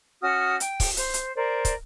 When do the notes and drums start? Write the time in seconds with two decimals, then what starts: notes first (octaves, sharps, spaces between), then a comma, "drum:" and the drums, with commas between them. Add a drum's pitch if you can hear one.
0.21 C#4 F#4 D#6 F6
0.60 G5, drum: hi-hat
0.80 drum: kick, open hi-hat
0.97 C5, drum: hi-hat
1.14 drum: hi-hat
1.36 A#4 C5 D5
1.65 drum: kick, hi-hat